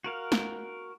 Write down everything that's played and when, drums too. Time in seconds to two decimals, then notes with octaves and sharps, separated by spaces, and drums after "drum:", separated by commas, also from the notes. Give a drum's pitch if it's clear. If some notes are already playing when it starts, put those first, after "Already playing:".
0.04 F#4 A#4 F5
0.32 drum: snare